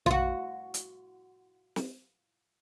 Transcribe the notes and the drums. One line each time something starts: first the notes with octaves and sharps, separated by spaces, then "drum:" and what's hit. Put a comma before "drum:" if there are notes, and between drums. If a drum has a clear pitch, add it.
F4, drum: tom A#1
F#4
drum: hi-hat
drum: snare